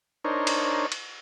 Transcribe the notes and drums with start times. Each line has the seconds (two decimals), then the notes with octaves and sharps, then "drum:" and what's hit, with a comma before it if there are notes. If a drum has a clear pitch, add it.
0.25 D4 D#4 A#4 C5 C#5
0.47 drum: cymbal
0.92 drum: cymbal